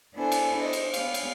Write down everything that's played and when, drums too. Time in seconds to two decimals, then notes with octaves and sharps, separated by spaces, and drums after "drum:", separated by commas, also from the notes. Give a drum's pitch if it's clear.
0.15 B3 D4 E4 A4 C5 G#5
0.32 drum: cymbal
0.59 C5 D#5
0.73 drum: cymbal
0.94 B3 F5, drum: cymbal
1.14 drum: cymbal